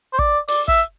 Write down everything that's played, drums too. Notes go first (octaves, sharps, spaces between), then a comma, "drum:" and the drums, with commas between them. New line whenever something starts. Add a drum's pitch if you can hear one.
C5
D5, drum: kick
D5, drum: open hi-hat
E5, drum: kick